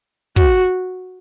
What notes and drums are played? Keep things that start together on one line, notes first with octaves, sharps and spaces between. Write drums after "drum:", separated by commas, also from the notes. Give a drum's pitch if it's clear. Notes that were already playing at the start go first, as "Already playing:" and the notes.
F#4, drum: kick